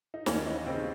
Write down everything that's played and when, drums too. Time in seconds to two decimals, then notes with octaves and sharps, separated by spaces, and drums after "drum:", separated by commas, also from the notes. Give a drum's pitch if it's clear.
0.14 D#4
0.26 D#2 C#4, drum: snare
0.46 E3 D#4
0.66 C#3 C4